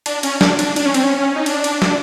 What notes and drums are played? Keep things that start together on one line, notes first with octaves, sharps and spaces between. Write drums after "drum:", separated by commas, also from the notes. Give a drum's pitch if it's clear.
D4, drum: cymbal
C#4, drum: cymbal
D4, drum: snare
D4, drum: cymbal
D4, drum: cymbal
C#4
C4, drum: cymbal
C#4
D#4
D4, drum: cymbal
drum: cymbal
drum: snare